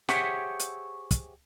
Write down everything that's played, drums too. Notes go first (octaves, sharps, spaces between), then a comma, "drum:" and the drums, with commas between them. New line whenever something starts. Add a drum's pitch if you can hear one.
G4 G#4 C5 C#5 E5 F#5, drum: snare
drum: hi-hat
drum: kick, hi-hat